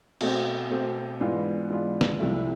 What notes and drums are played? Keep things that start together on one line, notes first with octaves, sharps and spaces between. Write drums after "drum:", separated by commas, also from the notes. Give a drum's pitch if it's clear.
B2 A3 C4, drum: cymbal
B2 A3 C4
G#2 E3 B3 D4 F4
G#2 E3 B3 D4 F4
drum: snare
C2 C3 F3 A3 E4